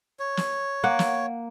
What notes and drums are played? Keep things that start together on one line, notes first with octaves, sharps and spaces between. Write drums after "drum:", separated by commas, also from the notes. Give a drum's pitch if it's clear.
C#5
drum: snare
A#3 F#5
drum: snare